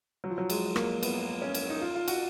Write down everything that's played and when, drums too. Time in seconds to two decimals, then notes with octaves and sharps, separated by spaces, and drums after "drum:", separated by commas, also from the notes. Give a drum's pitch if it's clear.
0.24 F#3
0.30 F3
0.38 F#3
0.50 G#3, drum: cymbal
0.76 A#3, drum: rim click
1.03 B3, drum: cymbal
1.42 C#4
1.55 drum: cymbal
1.70 D#4
1.81 F4
1.95 F4
2.08 F#4, drum: cymbal